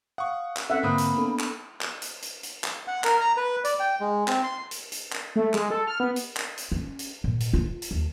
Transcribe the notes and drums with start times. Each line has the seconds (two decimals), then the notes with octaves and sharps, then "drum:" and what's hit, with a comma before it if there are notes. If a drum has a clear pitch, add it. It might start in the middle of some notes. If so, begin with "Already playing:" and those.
0.18 F5 F#5 C#6 D#6
0.57 drum: clap
0.70 C4 C#4 A4 E5 F#5
0.83 G#2 D3 A#3 C4 B5 D#6
0.98 drum: hi-hat
1.15 B3 D4 A4
1.40 drum: clap
1.81 drum: clap
2.02 drum: hi-hat
2.22 drum: hi-hat
2.43 drum: hi-hat
2.64 drum: clap
2.88 F#5
3.04 A#4, drum: clap
3.21 A#5
3.37 B4
3.65 D5, drum: hi-hat
3.80 G5
4.01 G#3
4.28 C4, drum: clap
4.44 C6
4.71 drum: hi-hat
4.92 drum: hi-hat
5.13 drum: clap
5.36 A3
5.54 G#3, drum: clap
5.70 A4
5.87 F6
6.00 B3
6.16 drum: hi-hat
6.37 drum: clap
6.58 drum: hi-hat
6.72 C#4
6.99 drum: hi-hat
7.24 A#2
7.40 drum: hi-hat
7.53 F4
7.82 drum: hi-hat
7.91 D#2